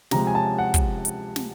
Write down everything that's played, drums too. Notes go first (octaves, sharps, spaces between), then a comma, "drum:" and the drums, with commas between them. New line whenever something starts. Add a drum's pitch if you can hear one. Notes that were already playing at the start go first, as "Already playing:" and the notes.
C3 F3 G#3 A#5, drum: snare
G#5
A5
F#5
drum: kick, hi-hat
drum: hi-hat
drum: snare